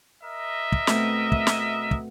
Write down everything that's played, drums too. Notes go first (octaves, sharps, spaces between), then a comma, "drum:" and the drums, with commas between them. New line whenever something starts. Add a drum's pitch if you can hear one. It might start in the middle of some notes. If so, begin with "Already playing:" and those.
A#4 D#5 E5
drum: kick
B2 A3 C4, drum: snare
drum: kick
drum: snare
drum: kick